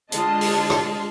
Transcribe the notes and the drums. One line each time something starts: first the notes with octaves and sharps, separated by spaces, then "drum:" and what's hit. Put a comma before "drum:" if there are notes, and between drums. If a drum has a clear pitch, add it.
D3 G#3 F4 D#5 A5 C6, drum: hi-hat
drum: open hi-hat
drum: rim click